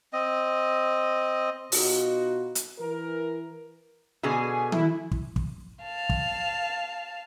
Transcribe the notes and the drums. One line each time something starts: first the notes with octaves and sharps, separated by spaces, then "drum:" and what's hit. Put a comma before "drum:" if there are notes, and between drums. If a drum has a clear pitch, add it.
C4 D#5
B2 D#4 F4 F#4, drum: open hi-hat
drum: hi-hat
E3 A#4
B2 D3 G#4 G#5
E4, drum: tom D#3
drum: kick
drum: kick
F5 A5
drum: kick